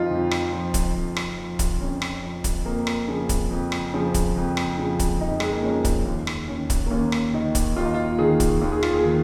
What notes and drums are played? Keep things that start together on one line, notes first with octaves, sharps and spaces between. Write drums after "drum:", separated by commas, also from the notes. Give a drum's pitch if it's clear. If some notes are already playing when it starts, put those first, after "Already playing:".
Already playing: F2 F3 D#4 F4
F2
drum: rim click
F3
drum: kick C#1, hi-hat
F2
drum: rim click
F3
drum: kick C#1, hi-hat
F2 C#4
drum: rim click
F3
drum: kick C#1, hi-hat
F2 A#3
drum: rim click
C#3 F3
drum: kick C#1, hi-hat
F2
drum: rim click
C#3 F3
drum: kick C#1, hi-hat
F2
drum: rim click
C#3 F3
drum: kick C#1, hi-hat
F2 D#4
G#3, drum: rim click
A#3
C#3 F3 C#4
drum: kick C#1, hi-hat
D#2
drum: rim click
D#3 C#4
drum: kick C#1, hi-hat
A#3
D#2 C#4
drum: rim click
D#3 D#4
drum: kick C#1, hi-hat
D#2 F4
D#4
F4
D#3 G#4
drum: kick C#1, hi-hat
D#2
G#4
F4, drum: rim click
G#4
D#3